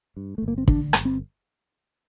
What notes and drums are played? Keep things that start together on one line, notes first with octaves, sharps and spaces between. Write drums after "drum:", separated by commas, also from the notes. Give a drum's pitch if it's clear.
G2
G1 A3
A#3
C4
D3 D4, drum: kick
G1, drum: rim click
C4